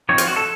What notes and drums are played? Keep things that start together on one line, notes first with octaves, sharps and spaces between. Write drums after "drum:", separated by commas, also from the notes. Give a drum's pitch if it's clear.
F3 C4 D#4 C#5
F4, drum: hi-hat
F#4
A4